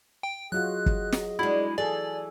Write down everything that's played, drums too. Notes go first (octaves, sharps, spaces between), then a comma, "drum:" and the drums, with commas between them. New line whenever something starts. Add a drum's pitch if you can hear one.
G5
F#3 F4 F#4 G#4 D#5 F#6
drum: kick
drum: snare
G#3 D4 E4 F#4
E3 G#4 A4 D5